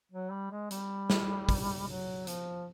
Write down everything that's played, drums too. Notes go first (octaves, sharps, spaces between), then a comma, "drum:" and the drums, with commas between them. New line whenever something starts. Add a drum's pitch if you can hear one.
F#3
G3
G#3
G3, drum: hi-hat
drum: snare
drum: kick, open hi-hat
F#3
F3, drum: hi-hat